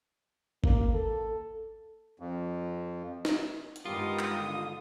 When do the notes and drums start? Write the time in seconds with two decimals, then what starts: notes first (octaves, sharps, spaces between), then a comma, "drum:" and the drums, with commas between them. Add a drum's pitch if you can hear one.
0.64 A#3, drum: kick G#1
0.94 A4
2.20 F2
3.25 drum: snare
3.76 drum: hi-hat
3.85 G2 D#3 G#3 B3 F4 G4 A#4 D#6
4.19 drum: clap
4.37 D3